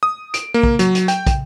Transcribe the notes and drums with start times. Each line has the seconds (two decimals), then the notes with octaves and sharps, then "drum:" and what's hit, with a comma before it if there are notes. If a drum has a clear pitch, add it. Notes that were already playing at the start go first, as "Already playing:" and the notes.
0.03 D#6
0.34 D7, drum: hi-hat
0.54 A#3
0.63 drum: kick
0.79 F#3, drum: hi-hat
0.95 drum: hi-hat
1.08 G5, drum: hi-hat
1.27 drum: kick, hi-hat